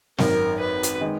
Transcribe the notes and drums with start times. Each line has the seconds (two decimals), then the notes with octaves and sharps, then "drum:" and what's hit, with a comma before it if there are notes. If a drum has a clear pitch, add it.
0.18 G#1 F#2 D#3 A#4, drum: snare
0.60 B4
0.83 drum: hi-hat
1.01 D#3 G#3